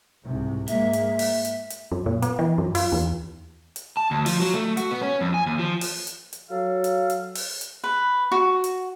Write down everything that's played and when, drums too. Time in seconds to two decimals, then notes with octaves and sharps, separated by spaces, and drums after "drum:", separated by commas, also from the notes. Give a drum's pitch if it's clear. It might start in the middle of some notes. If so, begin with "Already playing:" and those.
0.24 C2 G#2 C3
0.68 G#2 G#3 A#3 E5, drum: hi-hat
0.93 drum: hi-hat
1.19 drum: open hi-hat
1.45 drum: hi-hat
1.70 drum: hi-hat
1.92 F#2
2.06 A#2
2.22 B3, drum: hi-hat
2.39 E3
2.58 F#2
2.75 F4, drum: open hi-hat
2.92 E2
3.76 drum: hi-hat
3.97 A5
4.11 D2
4.26 F3, drum: open hi-hat
4.40 F#3
4.54 A3
4.77 F#4, drum: hi-hat
4.91 B3
5.02 C#4
5.21 F2
5.34 G#5
5.46 D#2
5.59 F3
5.81 drum: open hi-hat
6.07 drum: hi-hat
6.33 drum: hi-hat
6.50 F#3 A4 F5
6.84 drum: hi-hat
7.10 drum: hi-hat
7.35 drum: open hi-hat
7.61 drum: hi-hat
7.84 B4
8.32 F#4
8.64 drum: hi-hat